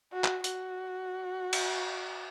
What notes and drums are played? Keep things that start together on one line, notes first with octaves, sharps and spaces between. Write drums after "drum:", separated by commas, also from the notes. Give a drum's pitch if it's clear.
F#4
drum: clap
F#4, drum: hi-hat
drum: cymbal